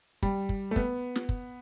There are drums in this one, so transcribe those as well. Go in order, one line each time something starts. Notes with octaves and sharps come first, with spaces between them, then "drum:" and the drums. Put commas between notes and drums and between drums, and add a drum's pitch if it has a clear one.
G3, drum: kick
drum: kick
A3
B3, drum: kick
drum: snare
drum: kick